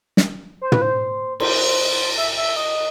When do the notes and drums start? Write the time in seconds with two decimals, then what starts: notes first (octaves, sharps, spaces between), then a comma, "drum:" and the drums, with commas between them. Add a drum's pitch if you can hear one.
0.17 drum: snare
0.61 C5
0.72 B4, drum: tom
0.82 C5
1.40 C5, drum: cymbal
2.17 E5
2.37 E5
2.56 D#5